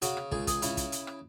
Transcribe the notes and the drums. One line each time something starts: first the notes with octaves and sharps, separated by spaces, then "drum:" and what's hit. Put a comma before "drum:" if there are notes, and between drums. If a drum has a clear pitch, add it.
C#3 F#4, drum: hi-hat
drum: rim click
C#2 G#4, drum: kick
G#4, drum: kick, hi-hat
C#3 E4, drum: hi-hat
drum: kick, hi-hat
drum: hi-hat
drum: rim click